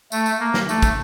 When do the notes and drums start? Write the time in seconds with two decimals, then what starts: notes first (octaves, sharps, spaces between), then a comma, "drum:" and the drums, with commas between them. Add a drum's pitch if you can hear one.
0.12 A3, drum: tambourine
0.26 drum: tambourine
0.40 A#3
0.54 drum: snare
0.69 A3, drum: tambourine
0.82 drum: kick, tambourine